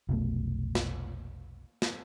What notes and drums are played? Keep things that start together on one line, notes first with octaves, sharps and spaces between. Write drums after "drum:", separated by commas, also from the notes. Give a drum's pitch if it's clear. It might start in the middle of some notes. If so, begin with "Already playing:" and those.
F1 B1 B2 A3
drum: snare
drum: snare